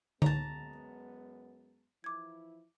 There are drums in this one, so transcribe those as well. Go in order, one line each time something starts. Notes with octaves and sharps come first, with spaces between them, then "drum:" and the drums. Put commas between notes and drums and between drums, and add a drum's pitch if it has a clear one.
C#2 F#2 A2 G#3 B3 A5 A#5, drum: tom D3
E3 F3 E4 D6 G#6